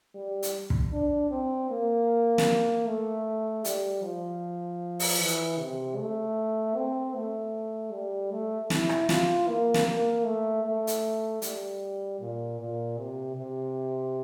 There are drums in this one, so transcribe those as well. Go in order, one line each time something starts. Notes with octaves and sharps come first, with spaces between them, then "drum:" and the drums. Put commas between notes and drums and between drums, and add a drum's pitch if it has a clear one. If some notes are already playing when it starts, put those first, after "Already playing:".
G3
drum: hi-hat
drum: kick
D4
C4
A#3
drum: snare
A3
G3, drum: hi-hat
F3
drum: open hi-hat
E3
C3
A3
C4
A3
G3
A3
E4, drum: snare
drum: rim click
F4, drum: snare
A#3
drum: snare
A#3
A3
A3
drum: hi-hat
G3, drum: hi-hat
A#2
A#2
C3
C3